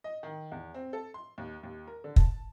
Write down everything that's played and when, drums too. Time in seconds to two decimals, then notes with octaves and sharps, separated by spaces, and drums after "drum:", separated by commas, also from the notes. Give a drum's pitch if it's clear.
0.04 D#5
0.23 D#3
0.52 E2
0.74 C4
0.93 A4
1.14 C6
1.38 D#2
1.63 D#2
1.88 A#4
2.04 D3
2.16 A5, drum: kick